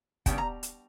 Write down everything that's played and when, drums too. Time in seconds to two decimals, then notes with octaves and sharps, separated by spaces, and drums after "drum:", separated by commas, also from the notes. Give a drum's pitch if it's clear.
0.26 C#3 G3 B3 D4 G5, drum: kick, hi-hat
0.38 A#5
0.63 drum: hi-hat